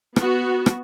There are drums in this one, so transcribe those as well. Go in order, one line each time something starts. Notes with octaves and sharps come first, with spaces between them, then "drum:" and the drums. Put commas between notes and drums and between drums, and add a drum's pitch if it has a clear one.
B3 F#4, drum: rim click
drum: rim click